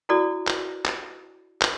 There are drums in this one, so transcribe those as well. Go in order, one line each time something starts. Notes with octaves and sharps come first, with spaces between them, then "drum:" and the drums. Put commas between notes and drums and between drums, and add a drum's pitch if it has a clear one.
E4 F#4 A4 D5 D6
drum: clap
drum: clap
drum: clap